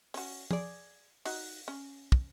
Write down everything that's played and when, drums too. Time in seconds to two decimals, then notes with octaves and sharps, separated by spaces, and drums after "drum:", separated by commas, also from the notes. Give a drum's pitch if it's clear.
0.14 C#4 F#4, drum: open hi-hat
0.51 G#4 D5, drum: tom
1.25 D#4 F#4, drum: open hi-hat
1.68 C#4
2.12 drum: kick